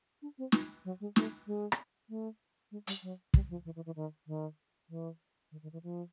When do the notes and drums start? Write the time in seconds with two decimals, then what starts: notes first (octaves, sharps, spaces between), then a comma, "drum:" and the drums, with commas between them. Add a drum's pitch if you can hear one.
0.22 D4
0.38 C4
0.52 drum: snare
0.85 F#3
1.00 G#3
1.16 A3, drum: snare
1.47 G#3
1.72 drum: rim click
2.09 A3
2.71 G#3
2.87 G3, drum: hi-hat
3.03 F#3
3.34 G3, drum: kick
3.50 F3
3.65 E3
3.76 E3
3.86 E3
3.96 D#3
4.27 D#3
4.90 E3
5.52 D#3
5.63 D#3
5.73 E3
5.83 F3